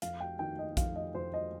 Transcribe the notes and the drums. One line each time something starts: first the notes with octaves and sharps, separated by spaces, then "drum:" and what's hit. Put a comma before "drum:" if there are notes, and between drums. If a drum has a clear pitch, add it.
F2 F5, drum: hi-hat
G5
D#3 G5
D#5
F2 F5, drum: kick, hi-hat
D#5
F2 C5
D#5